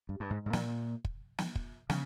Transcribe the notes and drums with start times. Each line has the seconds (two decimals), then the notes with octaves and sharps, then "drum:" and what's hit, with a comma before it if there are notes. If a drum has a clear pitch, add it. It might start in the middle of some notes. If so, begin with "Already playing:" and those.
0.09 G2
0.20 G2
0.30 G#2
0.46 G#2
0.53 A#2, drum: snare
1.05 drum: kick
1.38 drum: snare
1.55 drum: kick
1.90 C#3, drum: snare